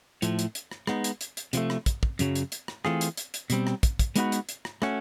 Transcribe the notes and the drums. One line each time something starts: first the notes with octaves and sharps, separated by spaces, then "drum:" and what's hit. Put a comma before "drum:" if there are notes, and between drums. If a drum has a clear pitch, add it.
A2 F3 A3, drum: hi-hat
drum: hi-hat
drum: hi-hat
drum: rim click
G#3 B3 D#4, drum: rim click
drum: hi-hat
drum: hi-hat
drum: hi-hat
C3 F3 A3, drum: hi-hat
drum: rim click
drum: kick, hi-hat
drum: kick
F#2 C#3 F#3, drum: hi-hat
drum: hi-hat
drum: hi-hat
drum: rim click
E3 A3 C4 F4 G#4, drum: rim click
drum: hi-hat
drum: hi-hat
drum: hi-hat
B2 G3 C4, drum: hi-hat
drum: rim click
drum: kick, hi-hat
drum: kick, hi-hat
G#3 B3 D#4 F#4 B4, drum: hi-hat
drum: hi-hat
drum: hi-hat
drum: rim click
A3 C#4 F#4, drum: rim click